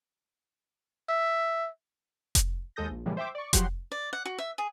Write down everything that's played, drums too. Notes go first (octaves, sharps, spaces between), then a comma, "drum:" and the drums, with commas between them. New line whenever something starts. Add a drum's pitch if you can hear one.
E5
drum: kick F1, hi-hat
D#2 G#3 A4 D#6 G6 A#6
A#1
A#2 C#3 E3 F3 G3 G#3
C5 E5 G5 D6
D5 C#6
F3 F#3 F#4 G4 F#5 C6, drum: kick F1, hi-hat
D5
F#5
F#4
E5
G#4